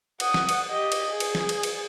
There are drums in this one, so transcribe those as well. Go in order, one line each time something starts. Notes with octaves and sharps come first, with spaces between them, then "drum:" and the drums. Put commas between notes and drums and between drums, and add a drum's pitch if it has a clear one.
F#5 D#6, drum: cymbal
drum: snare
drum: cymbal
G4 D#5
drum: cymbal
G#4
drum: cymbal
drum: snare
drum: cymbal
drum: cymbal